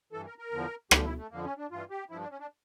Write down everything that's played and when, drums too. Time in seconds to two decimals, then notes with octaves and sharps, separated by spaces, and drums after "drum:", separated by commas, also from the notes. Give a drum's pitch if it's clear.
0.12 G2 E3 A4
0.26 A#4
0.38 A#4
0.52 E2 D3 F3
0.91 D2 D3 F3 G4, drum: rim click
1.05 E4
1.18 A3
1.31 F2 D3 F3 A#3
1.44 C#4
1.57 D4
1.71 G2 E3 F4
1.90 G4
2.10 G2 F3 E4
2.21 D4
2.31 C#4
2.40 D4